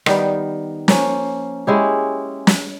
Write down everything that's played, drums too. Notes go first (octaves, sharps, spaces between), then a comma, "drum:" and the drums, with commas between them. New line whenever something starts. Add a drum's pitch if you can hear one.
D#3 G3 B3, drum: rim click
F3 A#3 C#4, drum: snare
G#3 C#4 E4 G4
drum: snare